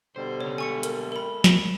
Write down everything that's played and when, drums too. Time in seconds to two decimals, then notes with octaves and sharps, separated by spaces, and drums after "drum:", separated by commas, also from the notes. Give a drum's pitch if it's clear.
0.16 B2 D3 G3 C5
0.41 C#3 C#4 C#5
0.58 G#3 A4 G#5 C#6 C#7
0.83 A#4, drum: hi-hat
1.12 A#4 B5
1.44 drum: snare